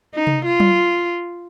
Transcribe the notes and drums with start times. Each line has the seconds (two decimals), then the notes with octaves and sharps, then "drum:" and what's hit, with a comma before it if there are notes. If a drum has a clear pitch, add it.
0.15 D#4
0.27 drum: tom C3
0.45 F4
0.60 drum: tom F#3